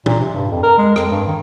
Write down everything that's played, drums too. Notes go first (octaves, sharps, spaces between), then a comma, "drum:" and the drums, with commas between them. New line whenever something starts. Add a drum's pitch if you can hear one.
A#2, drum: tom
C3
G2
F2
A#4
G#3
F2, drum: rim click
G2
D#3